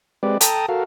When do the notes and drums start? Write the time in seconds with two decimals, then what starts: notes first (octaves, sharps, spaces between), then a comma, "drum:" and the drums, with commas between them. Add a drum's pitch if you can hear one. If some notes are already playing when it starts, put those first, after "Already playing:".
0.23 G#3 C4 G4 B4 D5
0.41 A4 G5 A5 A#5 D#6, drum: hi-hat
0.69 F#4 A4 A#4 F5